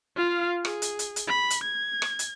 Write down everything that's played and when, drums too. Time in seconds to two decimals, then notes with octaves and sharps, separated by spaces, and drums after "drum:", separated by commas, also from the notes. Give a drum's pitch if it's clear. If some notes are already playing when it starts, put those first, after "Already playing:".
0.16 F4 F5
0.65 G#4, drum: rim click
0.82 drum: hi-hat
0.99 drum: hi-hat
1.16 drum: hi-hat
1.28 B5
1.50 drum: hi-hat
1.64 G#6
2.02 drum: rim click
2.19 drum: hi-hat